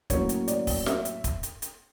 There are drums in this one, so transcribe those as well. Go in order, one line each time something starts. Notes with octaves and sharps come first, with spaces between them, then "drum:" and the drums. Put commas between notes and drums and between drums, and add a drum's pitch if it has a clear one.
A2 F#3 A#3 C#4 C#5, drum: kick, hi-hat
drum: hi-hat
D5, drum: hi-hat
drum: kick, open hi-hat
E5, drum: snare
drum: hi-hat
drum: kick, hi-hat
drum: hi-hat
drum: hi-hat